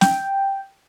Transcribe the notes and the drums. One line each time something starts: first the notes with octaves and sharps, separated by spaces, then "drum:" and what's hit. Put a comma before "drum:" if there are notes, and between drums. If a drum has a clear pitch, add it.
G5, drum: snare